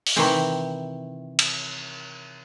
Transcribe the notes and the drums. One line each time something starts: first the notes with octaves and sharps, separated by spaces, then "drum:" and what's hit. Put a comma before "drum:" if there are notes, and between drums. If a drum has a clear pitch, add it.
drum: open hi-hat
C3 D#3 E3 C4
drum: cymbal